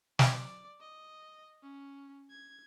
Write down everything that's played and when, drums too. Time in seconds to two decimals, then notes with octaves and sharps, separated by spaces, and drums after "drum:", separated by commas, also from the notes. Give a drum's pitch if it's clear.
0.19 D5, drum: snare
0.81 D#5
1.63 C#4
2.30 G#6